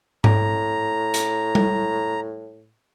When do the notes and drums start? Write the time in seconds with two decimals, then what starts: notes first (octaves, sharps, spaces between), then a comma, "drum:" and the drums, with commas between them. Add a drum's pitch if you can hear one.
0.24 A2 A#5, drum: tom G#2
1.14 drum: hi-hat
1.55 drum: tom G3